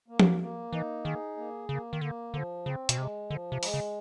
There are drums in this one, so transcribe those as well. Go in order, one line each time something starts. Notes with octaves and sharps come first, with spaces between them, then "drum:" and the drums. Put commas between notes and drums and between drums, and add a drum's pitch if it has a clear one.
A#3
drum: tom F3
A#3
E3 D#4
D#3 G#4
A#3
C#3 A#3
D#3
D3 A#3
D3 F3
C#3 C4
B2, drum: hi-hat
C3 G#3
D3 F3
C3
G#3, drum: open hi-hat
C#3